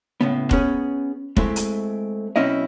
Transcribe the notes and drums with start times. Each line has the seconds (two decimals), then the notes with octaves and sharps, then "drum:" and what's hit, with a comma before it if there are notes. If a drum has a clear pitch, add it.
0.21 A2 C#3 B3
0.51 B3 C#4 G#4, drum: kick F1
1.37 G#3 A3 C4 E4, drum: kick F1
1.56 drum: hi-hat
2.36 B1 C4 C#4 E4 D#5